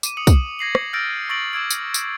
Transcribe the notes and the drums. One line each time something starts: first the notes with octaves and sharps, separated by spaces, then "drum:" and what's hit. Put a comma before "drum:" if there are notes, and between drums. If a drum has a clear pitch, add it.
D6 D#7, drum: tambourine
D#6 C#7 F#7
drum: kick, tambourine
G#6 A#6 C7 F#7
drum: rim click
E6 F6 G6 A6 A#6 D7
C#6 E6 A6 A#6 D7 F#7
D6 E6 G#6 D7
drum: tambourine
drum: tambourine